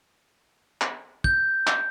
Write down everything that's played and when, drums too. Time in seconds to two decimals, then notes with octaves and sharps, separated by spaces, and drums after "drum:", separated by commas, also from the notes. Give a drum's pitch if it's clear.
0.81 drum: clap
1.24 G6, drum: kick
1.67 drum: clap